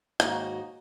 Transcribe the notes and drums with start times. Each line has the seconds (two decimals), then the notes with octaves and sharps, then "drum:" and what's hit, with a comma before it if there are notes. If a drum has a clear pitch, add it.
0.20 D#2 G#2 D#4 F#4 D#5, drum: rim click